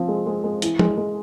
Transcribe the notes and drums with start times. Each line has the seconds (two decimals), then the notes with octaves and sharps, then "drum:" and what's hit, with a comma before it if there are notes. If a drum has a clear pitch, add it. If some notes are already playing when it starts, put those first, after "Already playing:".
Already playing: F3 C4
0.08 G#3
0.27 G#3
0.44 G#3
0.62 E3, drum: hi-hat
0.79 G#3, drum: tom
0.98 G#3